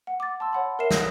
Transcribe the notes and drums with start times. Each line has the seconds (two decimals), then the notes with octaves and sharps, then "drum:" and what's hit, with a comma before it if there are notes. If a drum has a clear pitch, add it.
0.07 F#5
0.20 D6 A6
0.40 A5 C6 E6
0.53 C#5 F#5 B5
0.79 A#4 C#5 E5 C7 E7
0.91 D5 D#6 A#6, drum: snare